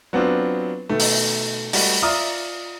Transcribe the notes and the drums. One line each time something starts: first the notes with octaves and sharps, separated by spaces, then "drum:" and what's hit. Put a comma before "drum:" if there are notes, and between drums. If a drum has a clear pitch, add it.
F#3 B3 C4 D4 F4
B2 D#3 A3
drum: open hi-hat
G3 A3 F#4, drum: open hi-hat
F4 D5 E5 A#5 D#6 F6